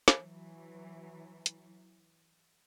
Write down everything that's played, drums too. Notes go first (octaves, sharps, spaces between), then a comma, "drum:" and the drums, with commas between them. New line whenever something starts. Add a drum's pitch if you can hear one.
drum: snare
E3 F#3
drum: hi-hat